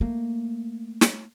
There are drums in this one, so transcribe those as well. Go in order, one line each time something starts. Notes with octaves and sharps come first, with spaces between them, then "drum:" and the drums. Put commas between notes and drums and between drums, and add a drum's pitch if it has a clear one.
A3 A#3
drum: snare